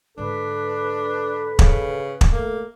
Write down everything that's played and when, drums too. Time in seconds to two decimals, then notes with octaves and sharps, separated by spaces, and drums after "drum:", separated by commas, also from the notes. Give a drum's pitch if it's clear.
0.18 G#2 D3 D4 A4 B4
1.59 C#3, drum: kick
2.21 drum: kick
2.33 A3 A#3